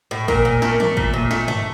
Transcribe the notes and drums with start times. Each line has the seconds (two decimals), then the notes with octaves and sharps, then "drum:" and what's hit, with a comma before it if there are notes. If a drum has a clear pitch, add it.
0.11 A2
0.28 A#2 A#4, drum: kick
0.45 A#2
0.62 A3, drum: snare
0.80 A3, drum: tom D#3
0.97 A#2, drum: kick
1.14 A#2
1.31 A3, drum: snare
1.48 A3, drum: tom G2